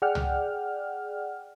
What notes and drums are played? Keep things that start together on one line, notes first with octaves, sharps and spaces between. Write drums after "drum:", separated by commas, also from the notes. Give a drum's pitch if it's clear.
G#4 D5 F#5 G5 F6
drum: tom